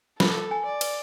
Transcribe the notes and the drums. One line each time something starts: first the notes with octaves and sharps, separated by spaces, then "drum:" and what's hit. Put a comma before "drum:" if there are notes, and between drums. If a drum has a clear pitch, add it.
A4 B5, drum: snare
G#5
D5
B4, drum: cymbal